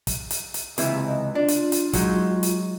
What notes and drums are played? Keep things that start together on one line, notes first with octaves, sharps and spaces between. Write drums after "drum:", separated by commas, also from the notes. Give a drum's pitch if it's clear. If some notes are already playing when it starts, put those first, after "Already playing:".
drum: kick, hi-hat
drum: hi-hat
drum: hi-hat
C#2 C3 E3 E5, drum: hi-hat
D#5
D4 F4
drum: hi-hat
drum: hi-hat
F#3 G#3 D#4, drum: kick, hi-hat
drum: hi-hat